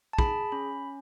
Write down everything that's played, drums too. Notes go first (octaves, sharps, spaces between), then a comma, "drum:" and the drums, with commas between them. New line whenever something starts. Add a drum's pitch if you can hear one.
A5
G#4 B5, drum: kick
C#4 B5